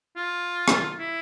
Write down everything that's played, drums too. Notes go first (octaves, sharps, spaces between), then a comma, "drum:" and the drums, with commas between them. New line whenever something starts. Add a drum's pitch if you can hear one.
F4
drum: rim click
E4